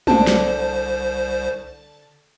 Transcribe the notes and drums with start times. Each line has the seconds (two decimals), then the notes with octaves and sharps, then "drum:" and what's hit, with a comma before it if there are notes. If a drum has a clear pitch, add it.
0.07 C2 D3 C5 A5, drum: tom
0.27 drum: snare